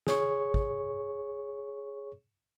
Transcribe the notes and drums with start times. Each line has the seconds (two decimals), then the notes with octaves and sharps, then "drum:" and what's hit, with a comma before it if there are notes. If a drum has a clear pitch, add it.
0.07 G#4 C#5 C#6, drum: snare
0.54 drum: kick